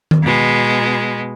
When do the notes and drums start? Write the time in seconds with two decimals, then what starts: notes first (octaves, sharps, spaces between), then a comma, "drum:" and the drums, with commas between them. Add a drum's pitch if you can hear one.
0.11 drum: tom D#3
0.22 B2 G#3